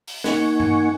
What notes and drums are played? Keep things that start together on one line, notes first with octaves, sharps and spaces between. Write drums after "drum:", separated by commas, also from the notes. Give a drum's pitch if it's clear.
drum: open hi-hat
A#3 D#4 F#5 G#5 C#6, drum: snare
drum: tom G2